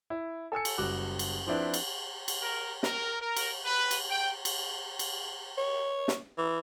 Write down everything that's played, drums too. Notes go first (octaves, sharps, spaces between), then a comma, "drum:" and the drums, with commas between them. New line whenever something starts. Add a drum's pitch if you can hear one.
E4
A4 G#5 E6 C#7
drum: cymbal
F#1 G3 F#4 D6 F#6
drum: cymbal
F3 C4 D4 E4 B4
drum: cymbal
drum: cymbal
A#4
A#4, drum: snare
A#4
drum: cymbal
B4
drum: cymbal
G5
drum: cymbal
drum: cymbal
C#5
drum: snare
E3